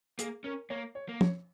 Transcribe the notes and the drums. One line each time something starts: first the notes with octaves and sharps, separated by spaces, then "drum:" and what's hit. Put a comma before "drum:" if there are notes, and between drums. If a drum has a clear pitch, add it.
A#3 G#4, drum: hi-hat
C#4 A#4
A#3 C#5
C#5
A#3
C#5, drum: tom